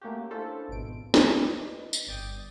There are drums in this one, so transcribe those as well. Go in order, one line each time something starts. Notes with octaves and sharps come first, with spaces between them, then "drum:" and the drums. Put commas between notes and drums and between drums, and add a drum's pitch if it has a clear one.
A3 A#3 C#4 F#4 G4
C#4 D4 E4 F4 A4 C5
G#1 B2 D7
B4 D5 D#5, drum: snare
drum: tambourine
G1 D5 G5 D#6